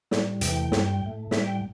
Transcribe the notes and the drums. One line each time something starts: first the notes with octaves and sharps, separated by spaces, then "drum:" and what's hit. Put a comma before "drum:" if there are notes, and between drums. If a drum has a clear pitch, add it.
A2 G3, drum: snare
E2 C3 E3 A3 G5, drum: hi-hat
G2 G3, drum: snare
A2 A3
A2 G3 E5, drum: snare
G5